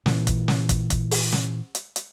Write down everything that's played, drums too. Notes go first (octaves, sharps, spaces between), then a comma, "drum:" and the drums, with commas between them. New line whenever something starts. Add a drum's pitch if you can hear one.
A#2 E3, drum: snare
drum: kick, hi-hat
drum: snare
drum: kick, hi-hat
drum: kick, hi-hat
drum: open hi-hat
drum: snare
drum: hi-hat
drum: hi-hat